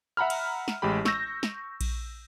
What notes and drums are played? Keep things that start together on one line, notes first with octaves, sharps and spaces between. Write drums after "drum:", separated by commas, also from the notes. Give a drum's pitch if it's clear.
E5 F#5 A#5 B5 F6
drum: cymbal
drum: snare
A1 G#3 G4 B5
C#6 E6 G6 A#6, drum: snare
drum: snare
drum: kick A#1, cymbal